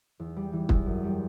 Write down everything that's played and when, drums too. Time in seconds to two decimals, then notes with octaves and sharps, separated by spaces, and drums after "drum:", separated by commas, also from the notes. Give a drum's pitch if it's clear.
0.19 E2
0.36 G3
0.53 E3
0.69 E2, drum: kick
0.86 F#2
1.04 G3